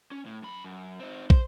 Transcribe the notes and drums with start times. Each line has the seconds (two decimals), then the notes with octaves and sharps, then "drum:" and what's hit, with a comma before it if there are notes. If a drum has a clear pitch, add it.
0.11 C#4
0.26 A2
0.42 F#2 B5
0.64 F#2
1.00 C4 D#4
1.30 C5, drum: kick